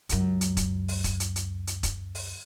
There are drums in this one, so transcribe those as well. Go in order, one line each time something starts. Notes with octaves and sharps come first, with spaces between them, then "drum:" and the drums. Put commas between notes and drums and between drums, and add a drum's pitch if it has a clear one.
C#2 F#2, drum: hi-hat
drum: hi-hat
drum: kick E1, hi-hat
drum: open hi-hat
drum: kick E1, hi-hat
drum: hi-hat
drum: hi-hat
drum: hi-hat
drum: kick E1, hi-hat
drum: open hi-hat